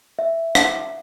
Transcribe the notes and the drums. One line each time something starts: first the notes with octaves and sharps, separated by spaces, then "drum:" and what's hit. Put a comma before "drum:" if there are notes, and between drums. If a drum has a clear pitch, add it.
E5
drum: rim click